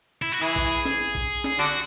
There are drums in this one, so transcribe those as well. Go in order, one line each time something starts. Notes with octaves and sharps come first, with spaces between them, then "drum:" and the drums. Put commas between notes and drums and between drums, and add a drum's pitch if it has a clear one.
E4
F#4
E3 E4 G#4
drum: kick
drum: snare
drum: kick
drum: snare
D3 D4 F#4